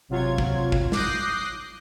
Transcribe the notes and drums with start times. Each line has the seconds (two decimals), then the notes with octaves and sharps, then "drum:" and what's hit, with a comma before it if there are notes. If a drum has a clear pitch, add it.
0.08 G#1 C3 F#3 F4 C#5 G#6
0.38 drum: kick
0.72 drum: kick
0.92 D6 D#6 F#6 G6 A#6 C7, drum: snare